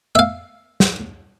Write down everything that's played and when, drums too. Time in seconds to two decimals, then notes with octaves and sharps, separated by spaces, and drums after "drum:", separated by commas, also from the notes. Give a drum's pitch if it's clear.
0.15 E5 F5
0.80 drum: snare